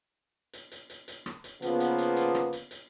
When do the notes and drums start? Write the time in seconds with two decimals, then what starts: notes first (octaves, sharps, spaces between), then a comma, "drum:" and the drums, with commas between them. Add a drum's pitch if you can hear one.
0.53 drum: hi-hat
0.72 drum: hi-hat
0.90 drum: hi-hat
1.08 drum: hi-hat
1.26 drum: rim click
1.44 drum: hi-hat
1.62 C#3 F3 A#3 B3, drum: hi-hat
1.80 drum: hi-hat
1.98 drum: hi-hat
2.16 drum: hi-hat
2.35 drum: rim click
2.53 drum: hi-hat
2.71 drum: hi-hat